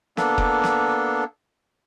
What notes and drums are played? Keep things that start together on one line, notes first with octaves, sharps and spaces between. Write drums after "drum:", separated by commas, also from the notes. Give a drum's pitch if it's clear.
A#3 B3 D4 A4, drum: snare
drum: kick
drum: snare